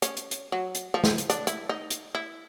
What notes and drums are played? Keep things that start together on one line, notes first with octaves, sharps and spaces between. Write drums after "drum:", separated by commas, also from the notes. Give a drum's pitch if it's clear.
C#4, drum: hi-hat
drum: hi-hat
drum: hi-hat
F#3
drum: hi-hat
F3
drum: snare
drum: hi-hat
D4, drum: hi-hat
E4, drum: hi-hat
D#4
drum: hi-hat
E4